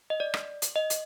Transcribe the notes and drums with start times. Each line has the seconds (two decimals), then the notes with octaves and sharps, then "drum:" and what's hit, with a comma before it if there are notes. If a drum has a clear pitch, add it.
0.10 D#5
0.20 D5
0.34 drum: rim click
0.62 drum: hi-hat
0.76 D#5
0.90 drum: hi-hat